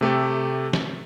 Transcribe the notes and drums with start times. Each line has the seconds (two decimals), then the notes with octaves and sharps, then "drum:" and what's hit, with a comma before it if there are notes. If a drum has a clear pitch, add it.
0.01 C3 A3 G4 A4
0.73 drum: snare